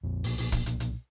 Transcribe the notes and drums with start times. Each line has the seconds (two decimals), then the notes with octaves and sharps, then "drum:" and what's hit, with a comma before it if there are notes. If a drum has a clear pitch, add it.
0.03 A#1 F2
0.24 B1 A#2, drum: open hi-hat
0.38 drum: open hi-hat
0.52 drum: kick, hi-hat
0.66 drum: hi-hat
0.80 drum: hi-hat